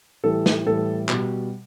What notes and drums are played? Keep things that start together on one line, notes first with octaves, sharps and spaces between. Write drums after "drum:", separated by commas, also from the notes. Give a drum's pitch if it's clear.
A2 E3 G3 A4
drum: snare
A2 E3 G3 A4
B2 G3, drum: clap